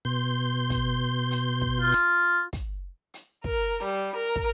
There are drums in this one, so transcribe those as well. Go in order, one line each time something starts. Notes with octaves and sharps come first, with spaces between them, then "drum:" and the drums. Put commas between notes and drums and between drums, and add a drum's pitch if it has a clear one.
B2 C6 G6
drum: kick, hi-hat
drum: hi-hat
drum: kick
F4
drum: hi-hat
drum: kick, hi-hat
drum: hi-hat
A#4, drum: kick
G3
A#4
drum: kick